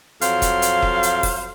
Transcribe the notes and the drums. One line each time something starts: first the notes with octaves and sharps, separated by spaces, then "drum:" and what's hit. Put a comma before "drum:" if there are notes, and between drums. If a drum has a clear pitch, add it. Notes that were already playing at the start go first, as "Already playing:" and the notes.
F2 F#3 C5 F5, drum: hi-hat
drum: kick F1, hi-hat
drum: hi-hat
drum: kick F1
drum: hi-hat
drum: kick F1, open hi-hat